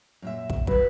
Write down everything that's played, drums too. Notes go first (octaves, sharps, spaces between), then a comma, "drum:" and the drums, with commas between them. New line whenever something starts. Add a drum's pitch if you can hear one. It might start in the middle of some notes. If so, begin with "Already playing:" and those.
F#2 A#2 E5
drum: kick
F#3 B4, drum: kick